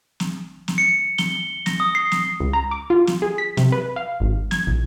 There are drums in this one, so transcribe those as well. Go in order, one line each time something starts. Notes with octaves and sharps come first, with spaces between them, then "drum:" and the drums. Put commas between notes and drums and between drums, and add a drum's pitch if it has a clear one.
drum: snare
drum: snare
C#7
G7, drum: snare
A#6, drum: snare
D#6
C7
drum: snare
C#2
A#5
D6
F4
drum: snare
G#4
B6
C3, drum: snare
B4
F5
G#1
G#6, drum: snare
A#1